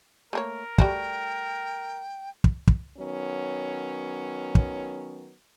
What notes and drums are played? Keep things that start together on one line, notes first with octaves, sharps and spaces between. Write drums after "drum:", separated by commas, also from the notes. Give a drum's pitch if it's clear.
A3 A#3 A#4 C#5
G3 A3 F#4 G5, drum: kick
drum: kick
drum: kick
D#3 F#3 B3 C#4
drum: kick